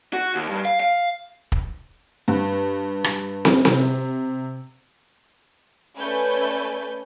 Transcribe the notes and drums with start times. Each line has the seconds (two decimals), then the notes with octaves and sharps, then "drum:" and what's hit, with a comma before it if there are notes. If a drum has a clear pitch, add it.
0.13 F#4
0.35 D#2
0.49 G2
0.65 F5
0.80 F5
1.52 drum: kick
2.28 G2
3.04 drum: rim click
3.45 drum: snare
3.65 C3, drum: snare
5.98 A3 C#4 B4 D5 G#5 G6